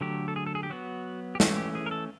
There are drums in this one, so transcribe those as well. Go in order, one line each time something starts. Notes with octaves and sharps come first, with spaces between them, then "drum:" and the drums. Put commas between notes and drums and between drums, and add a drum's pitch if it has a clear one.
D3 F#3 A3 G4
A4
G#4
A4
G#4
G4
F#3 B3 F#4
G4
E3 A3 C#4 F#4, drum: snare
G4
G#4
A#4
A4